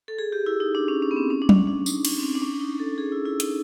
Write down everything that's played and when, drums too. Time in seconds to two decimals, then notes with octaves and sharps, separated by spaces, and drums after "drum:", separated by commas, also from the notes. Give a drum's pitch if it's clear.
0.08 A4
0.18 G#4
0.32 G4
0.46 E4
0.60 D#4
0.75 D4
0.88 C#4
1.02 C#4
1.11 B3
1.16 C4
1.30 C#4
1.42 D4
1.49 C#4, drum: tom F#3
1.67 D4
1.86 D#4, drum: tambourine
2.05 C#4, drum: cymbal
2.18 C4
2.23 C#4
2.35 D4
2.42 C#4
2.60 D#4
2.80 A4
2.98 G#4
3.12 E4
3.26 E4
3.40 D#4, drum: hi-hat